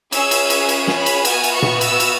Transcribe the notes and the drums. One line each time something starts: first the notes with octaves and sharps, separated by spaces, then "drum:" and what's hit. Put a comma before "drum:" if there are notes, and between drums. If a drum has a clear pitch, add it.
C#4 G#4 E6, drum: cymbal
drum: cymbal
drum: cymbal
drum: cymbal
drum: snare
B5
drum: cymbal
B3 F#4 G#5, drum: cymbal
drum: cymbal
C#6
drum: tom A#2
E6, drum: cymbal
drum: cymbal